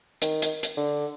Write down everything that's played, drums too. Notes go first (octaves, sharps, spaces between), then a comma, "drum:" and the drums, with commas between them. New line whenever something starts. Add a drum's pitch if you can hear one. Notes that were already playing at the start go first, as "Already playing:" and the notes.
D#3, drum: hi-hat
drum: hi-hat
drum: hi-hat
D3